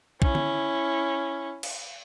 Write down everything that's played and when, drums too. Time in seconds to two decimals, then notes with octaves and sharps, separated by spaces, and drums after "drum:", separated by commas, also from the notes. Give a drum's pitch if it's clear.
0.22 C#4 E4, drum: kick
0.35 drum: tom D3
1.63 drum: cymbal